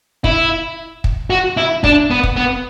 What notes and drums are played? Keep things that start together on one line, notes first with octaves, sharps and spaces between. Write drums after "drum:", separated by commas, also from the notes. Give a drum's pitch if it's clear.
E4, drum: kick
drum: kick
F#4
E4
D4, drum: kick
B3
drum: kick
B3